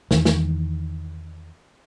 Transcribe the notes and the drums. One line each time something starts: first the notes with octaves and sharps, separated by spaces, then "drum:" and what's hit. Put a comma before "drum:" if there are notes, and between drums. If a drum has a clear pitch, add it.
E2 D#3 E3, drum: snare
drum: snare